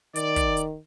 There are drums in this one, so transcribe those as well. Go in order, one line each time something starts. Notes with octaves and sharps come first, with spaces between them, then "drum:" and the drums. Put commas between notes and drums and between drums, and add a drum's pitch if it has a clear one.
D#3 D5, drum: hi-hat
drum: kick, hi-hat
drum: hi-hat